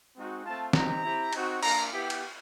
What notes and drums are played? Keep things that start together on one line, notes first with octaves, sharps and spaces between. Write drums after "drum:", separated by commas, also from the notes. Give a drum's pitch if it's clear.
G#3 C4 D#4 F#4
A3 C4 F4 A5
C4 D#4 G4 A#5, drum: snare
C4 E4 G4
C4 D#4 F#4, drum: cymbal
A#3 D4 F4 A#5, drum: cymbal
B3 E4 G4
drum: cymbal